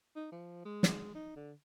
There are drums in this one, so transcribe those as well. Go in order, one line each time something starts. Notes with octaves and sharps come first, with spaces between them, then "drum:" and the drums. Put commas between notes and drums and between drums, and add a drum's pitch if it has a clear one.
D#4
F3
G#3
drum: snare
D#4
D3